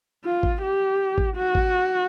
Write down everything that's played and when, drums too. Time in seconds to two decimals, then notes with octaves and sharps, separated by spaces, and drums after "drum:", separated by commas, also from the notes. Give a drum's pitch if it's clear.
0.24 F4
0.43 drum: kick G#1
0.62 G4
1.18 drum: kick G#1
1.37 F#4
1.55 drum: kick G#1